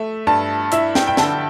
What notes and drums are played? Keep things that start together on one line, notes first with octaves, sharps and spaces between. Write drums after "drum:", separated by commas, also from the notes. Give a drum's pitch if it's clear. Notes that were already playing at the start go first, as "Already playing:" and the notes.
Already playing: A3 E5
G2 A5
E4 E5, drum: hi-hat
G5, drum: snare
G5
D3 A5, drum: snare